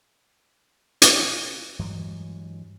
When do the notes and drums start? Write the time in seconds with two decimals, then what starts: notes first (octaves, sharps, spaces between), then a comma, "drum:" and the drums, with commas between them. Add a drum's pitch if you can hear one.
1.02 drum: hi-hat
1.79 G2 E3 F#3 G#3